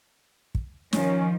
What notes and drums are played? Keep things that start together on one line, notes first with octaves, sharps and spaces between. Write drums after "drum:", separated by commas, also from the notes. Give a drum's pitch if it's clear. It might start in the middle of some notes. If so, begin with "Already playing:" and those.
drum: kick
D#3 F3 C#4, drum: snare